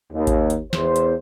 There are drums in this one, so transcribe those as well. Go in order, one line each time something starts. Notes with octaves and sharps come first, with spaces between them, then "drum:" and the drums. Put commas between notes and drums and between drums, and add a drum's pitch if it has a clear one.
D#2
drum: kick G#1, hi-hat
drum: hi-hat
E2 C5, drum: snare
drum: hi-hat